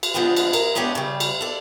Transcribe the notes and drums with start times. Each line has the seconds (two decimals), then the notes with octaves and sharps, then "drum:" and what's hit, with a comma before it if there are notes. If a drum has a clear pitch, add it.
0.03 drum: cymbal
0.14 D3 F3 G#3 B3 C4
0.36 drum: cymbal
0.53 A#4, drum: cymbal
0.75 G#3 B3 C#4 D4 G4
0.95 C#3 G3
1.20 drum: cymbal
1.41 A4 D5